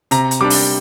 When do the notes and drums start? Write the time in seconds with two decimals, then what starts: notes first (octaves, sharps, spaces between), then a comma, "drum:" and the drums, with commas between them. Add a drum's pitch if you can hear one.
0.11 C3 A#5, drum: hi-hat
0.31 drum: hi-hat
0.41 G3 D4 D6
0.50 drum: open hi-hat